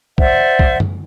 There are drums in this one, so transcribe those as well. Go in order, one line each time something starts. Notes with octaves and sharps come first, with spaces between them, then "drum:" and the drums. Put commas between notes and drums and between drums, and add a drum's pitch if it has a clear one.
C5 D5 E5 F#5, drum: kick
drum: kick
drum: tom F#2